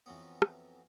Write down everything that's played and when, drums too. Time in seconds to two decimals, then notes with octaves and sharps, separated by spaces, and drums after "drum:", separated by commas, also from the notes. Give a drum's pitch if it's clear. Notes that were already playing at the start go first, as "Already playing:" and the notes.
0.06 F2 E3 F#3 B3
0.42 drum: rim click